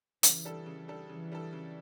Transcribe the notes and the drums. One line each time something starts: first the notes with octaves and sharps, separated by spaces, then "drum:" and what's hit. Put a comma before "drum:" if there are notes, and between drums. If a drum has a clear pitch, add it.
C#3 E3, drum: hi-hat
G3 D4 A4
C#3
G3 D4 A4
C#3 E3
G3 D4 A4
C#3